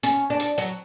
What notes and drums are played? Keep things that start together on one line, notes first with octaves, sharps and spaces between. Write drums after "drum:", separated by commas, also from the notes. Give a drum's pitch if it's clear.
C#4, drum: hi-hat
D4
drum: hi-hat
F#3, drum: hi-hat